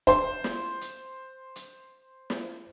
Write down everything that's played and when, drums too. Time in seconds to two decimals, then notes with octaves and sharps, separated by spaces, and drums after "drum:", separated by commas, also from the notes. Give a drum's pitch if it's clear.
0.07 C5 C6, drum: kick F1, hi-hat
0.44 drum: snare
0.81 drum: hi-hat
1.56 drum: hi-hat
2.30 drum: snare